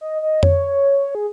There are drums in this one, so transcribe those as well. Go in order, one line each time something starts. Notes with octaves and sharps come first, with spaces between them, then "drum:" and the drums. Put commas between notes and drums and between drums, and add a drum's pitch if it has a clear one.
D#5
D#5
C#5, drum: tom F2
G#4